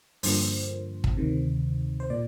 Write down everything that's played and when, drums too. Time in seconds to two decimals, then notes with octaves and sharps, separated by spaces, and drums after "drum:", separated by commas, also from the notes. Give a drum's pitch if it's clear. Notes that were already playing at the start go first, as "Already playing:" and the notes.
0.23 G2 D3 F3 A#3 C5, drum: open hi-hat
1.04 drum: kick
1.17 D2 C3 D#3
2.00 C5
2.10 A#2 D5